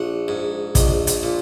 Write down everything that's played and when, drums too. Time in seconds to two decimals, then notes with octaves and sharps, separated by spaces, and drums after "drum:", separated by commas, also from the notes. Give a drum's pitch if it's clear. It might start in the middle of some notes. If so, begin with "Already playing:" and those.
Already playing: A#1 F#5
0.28 G#2
0.75 A#1 D#5, drum: kick, hi-hat
1.07 drum: hi-hat
1.23 A#2